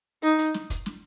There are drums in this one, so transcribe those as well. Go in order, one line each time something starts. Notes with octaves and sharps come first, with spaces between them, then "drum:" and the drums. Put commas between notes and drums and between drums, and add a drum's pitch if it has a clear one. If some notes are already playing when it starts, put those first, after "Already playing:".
D#4
drum: hi-hat
drum: snare
drum: kick, hi-hat
drum: snare